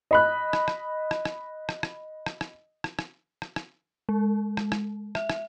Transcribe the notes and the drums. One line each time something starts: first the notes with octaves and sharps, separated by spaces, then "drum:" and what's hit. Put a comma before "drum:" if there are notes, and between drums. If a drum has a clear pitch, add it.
D#5 B5 F#6
drum: rim click
drum: rim click
drum: rim click
drum: rim click
drum: rim click
drum: rim click
drum: rim click
drum: rim click
drum: rim click
drum: rim click
drum: rim click
drum: rim click
G#3
drum: rim click
drum: rim click
E5, drum: rim click
drum: rim click